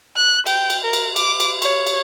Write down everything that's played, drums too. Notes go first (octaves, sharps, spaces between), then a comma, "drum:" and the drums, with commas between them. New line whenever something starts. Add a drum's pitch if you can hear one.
F#6
G5, drum: cymbal
drum: cymbal
A#4
drum: cymbal
D6, drum: cymbal
drum: cymbal
C#5, drum: cymbal
drum: cymbal